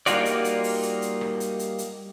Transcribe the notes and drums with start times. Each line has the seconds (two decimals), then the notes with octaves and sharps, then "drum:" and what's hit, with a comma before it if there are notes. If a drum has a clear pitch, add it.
0.06 G3 A#3 D#4 F4 F#4 D5, drum: hi-hat
0.25 drum: hi-hat
0.45 drum: hi-hat
0.64 drum: open hi-hat
0.83 drum: hi-hat
1.02 drum: hi-hat
1.21 drum: rim click
1.40 drum: hi-hat
1.59 drum: hi-hat
1.78 drum: hi-hat